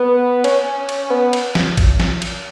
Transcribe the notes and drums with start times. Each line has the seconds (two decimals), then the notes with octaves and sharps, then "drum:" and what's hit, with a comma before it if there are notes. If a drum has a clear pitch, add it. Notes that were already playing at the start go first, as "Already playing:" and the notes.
Already playing: B3
0.44 C#4, drum: cymbal
0.89 drum: cymbal
1.10 B3
1.33 drum: cymbal
1.55 drum: snare
1.77 drum: kick G#1, cymbal
2.00 drum: snare
2.22 drum: cymbal